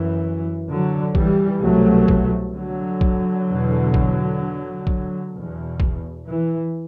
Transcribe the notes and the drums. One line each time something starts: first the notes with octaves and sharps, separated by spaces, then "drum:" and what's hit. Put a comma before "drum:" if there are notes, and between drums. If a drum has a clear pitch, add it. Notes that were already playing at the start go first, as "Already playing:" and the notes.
Already playing: F#2 E3
D3 F#3
E3 G3, drum: kick A#1
C2 B2 F#3 A3
drum: kick A#1
D3 F#3
drum: kick A#1
E2 B2
drum: kick A#1
drum: kick A#1
E2 B2
drum: kick A#1
E3